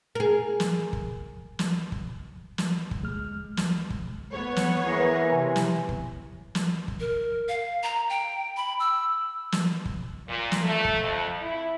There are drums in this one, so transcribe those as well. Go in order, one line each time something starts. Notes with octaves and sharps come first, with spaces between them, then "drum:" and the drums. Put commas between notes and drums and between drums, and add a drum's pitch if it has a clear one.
G#4 A#4
drum: snare
drum: kick
drum: snare
drum: kick
drum: snare
drum: kick
D2 G#3 F6
drum: snare
drum: kick
B3 C#5
drum: snare
E3 G#4 A#4
C3 G#5
drum: snare
drum: kick
drum: snare
drum: kick
A#4
F5
A#5
G5
B5
E6
drum: snare
drum: kick
A#2
drum: snare
A3
drum: kick
F2
E4